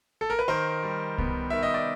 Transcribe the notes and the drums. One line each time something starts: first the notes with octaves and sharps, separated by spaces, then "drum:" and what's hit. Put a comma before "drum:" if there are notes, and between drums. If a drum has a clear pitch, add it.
A4
A#4
B4
D#3 A#4 C5
G3
B3, drum: kick C2
D#3 E5
D#5
D5